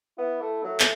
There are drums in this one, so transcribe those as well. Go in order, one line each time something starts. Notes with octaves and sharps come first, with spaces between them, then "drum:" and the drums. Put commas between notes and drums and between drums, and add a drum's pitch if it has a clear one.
B3 E4
A3
F#3 A3
drum: clap